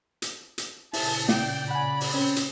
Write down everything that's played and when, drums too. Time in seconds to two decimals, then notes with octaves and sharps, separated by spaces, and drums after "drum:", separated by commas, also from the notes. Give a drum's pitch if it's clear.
0.22 drum: hi-hat
0.58 drum: hi-hat
0.93 A#2 C#3 E4 G#4 A5, drum: open hi-hat
1.29 D5 G5, drum: snare
1.71 F#5 G#5 B5
2.01 drum: open hi-hat
2.14 C4 C#4
2.36 drum: hi-hat